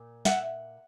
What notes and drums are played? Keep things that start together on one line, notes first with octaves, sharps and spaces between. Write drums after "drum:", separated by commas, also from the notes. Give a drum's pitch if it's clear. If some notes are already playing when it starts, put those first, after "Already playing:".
Already playing: A#2
E5 F#5, drum: snare